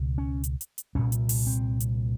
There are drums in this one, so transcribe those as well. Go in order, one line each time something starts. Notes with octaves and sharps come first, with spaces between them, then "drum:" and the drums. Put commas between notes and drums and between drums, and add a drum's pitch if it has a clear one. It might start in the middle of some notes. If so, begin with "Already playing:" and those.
Already playing: C#2 B2
C#4
drum: hi-hat
drum: hi-hat
drum: hi-hat
C2 A#2 C#4
drum: hi-hat
drum: open hi-hat
C4
drum: hi-hat